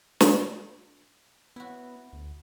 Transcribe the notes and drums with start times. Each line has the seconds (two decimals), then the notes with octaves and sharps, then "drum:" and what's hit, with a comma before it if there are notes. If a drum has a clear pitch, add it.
0.20 drum: snare
1.56 B3 E4 F#4
2.13 D2